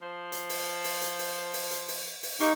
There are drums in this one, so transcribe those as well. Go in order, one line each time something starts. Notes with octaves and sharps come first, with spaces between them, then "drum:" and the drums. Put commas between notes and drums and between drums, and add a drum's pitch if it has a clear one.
F3 C5
drum: hi-hat
drum: open hi-hat
drum: open hi-hat
drum: hi-hat
drum: open hi-hat
drum: open hi-hat
drum: hi-hat
drum: open hi-hat
drum: open hi-hat
A#3 D#4 G4 C#6, drum: hi-hat